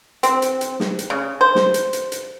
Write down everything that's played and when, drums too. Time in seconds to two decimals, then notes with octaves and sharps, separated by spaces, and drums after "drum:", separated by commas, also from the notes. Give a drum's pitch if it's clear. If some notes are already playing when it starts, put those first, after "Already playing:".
0.23 C4, drum: hi-hat
0.42 drum: hi-hat
0.61 drum: hi-hat
0.80 drum: snare
0.99 drum: hi-hat
1.10 C#3
1.41 C5
1.55 drum: snare
1.74 drum: hi-hat
1.93 drum: hi-hat
2.12 drum: hi-hat